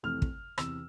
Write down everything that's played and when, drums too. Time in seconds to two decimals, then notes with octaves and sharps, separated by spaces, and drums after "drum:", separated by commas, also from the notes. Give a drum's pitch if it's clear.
0.03 F2 C3 E3 A3 F6
0.22 drum: kick
0.58 E2 C3 E3 E6, drum: rim click